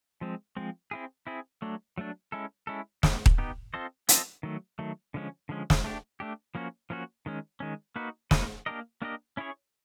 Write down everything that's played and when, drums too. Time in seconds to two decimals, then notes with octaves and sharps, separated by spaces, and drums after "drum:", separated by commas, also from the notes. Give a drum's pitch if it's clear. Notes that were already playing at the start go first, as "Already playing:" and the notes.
0.21 F3 G#3 C4
0.57 F3 G#3 C4
0.91 C4 E4 G#4
1.27 C4 E4 G#4
1.62 F#3 A3 D4
1.98 F#3 A3 D4
2.32 G#3 C#4 E4 A4
2.67 G#3 C#4 E4 A4
3.03 B3 D#4 G4, drum: snare
3.26 drum: kick D#1
3.38 B3 D#4 G4
3.74 C4 F4 A4 C5 D#5
4.09 C4 F4 A4 C5 D#5, drum: hi-hat
4.43 D#3 F#3 A3
4.79 D#3 F#3 A3
5.14 D3 F3 G#3 C#4
5.49 D3 F3 G#3 C#4
5.70 drum: snare
5.84 A3 D4 G4
6.20 A3 D4 G4
6.55 F3 A#3 C#4 F#4
6.90 F3 A#3 C#4 F#4
7.26 D#3 G#3 C#4
7.60 D#3 G#3 C#4
7.96 A#3 D#4 F#4 B4
8.31 A#3 D#4 F#4 B4, drum: snare
8.66 A#3 D4 G4 A#4 D#5
9.02 A#3 D4 G4 A#4 D#5
9.37 C#4 E4 G#4 C#5